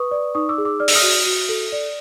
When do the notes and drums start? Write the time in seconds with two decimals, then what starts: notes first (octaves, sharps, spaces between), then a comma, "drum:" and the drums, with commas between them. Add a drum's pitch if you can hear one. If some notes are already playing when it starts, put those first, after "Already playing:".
Already playing: B4 C#6 D#6
0.11 D5
0.35 D#4 C#6 D#6
0.49 D6 E6
0.58 G#4
0.65 D6 E6
0.80 D5 F6
0.88 E6, drum: open hi-hat
0.95 D#6 F6
1.03 F#4
1.26 F#4
1.49 A4
1.72 D5